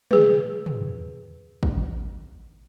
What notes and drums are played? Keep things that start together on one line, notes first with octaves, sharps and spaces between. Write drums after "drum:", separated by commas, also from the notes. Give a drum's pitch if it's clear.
G#4 B4, drum: tom
drum: tom
drum: kick